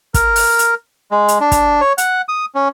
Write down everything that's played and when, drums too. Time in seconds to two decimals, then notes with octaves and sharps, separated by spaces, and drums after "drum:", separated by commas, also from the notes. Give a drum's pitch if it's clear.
0.14 A#4, drum: kick, hi-hat
0.36 drum: open hi-hat
0.59 drum: hi-hat
1.12 G#3
1.28 drum: hi-hat
1.41 D4
1.52 drum: kick, hi-hat
1.81 C#5
1.98 F#5, drum: hi-hat
2.28 D#6
2.55 C#4